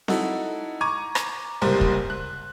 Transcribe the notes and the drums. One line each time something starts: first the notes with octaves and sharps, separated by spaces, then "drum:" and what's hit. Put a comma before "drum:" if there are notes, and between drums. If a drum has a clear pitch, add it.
D#4 E4 F#4 A4, drum: snare C4
A#5 C#6 D6 G#6 D#7
drum: rim click
F#1 C2 G3 A#4 C5 C6
drum: kick
F#6